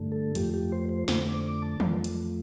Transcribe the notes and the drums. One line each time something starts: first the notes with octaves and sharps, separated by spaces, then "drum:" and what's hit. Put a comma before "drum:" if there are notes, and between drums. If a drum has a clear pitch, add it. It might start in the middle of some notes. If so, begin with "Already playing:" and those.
Already playing: G2 D3 A3
A4
F2 F3 A3 G4, drum: hi-hat
G4
C5
C5
F2 D3 A3 C5, drum: snare
D6
D6
A5
F2 F3 A3, drum: tom D#3
drum: hi-hat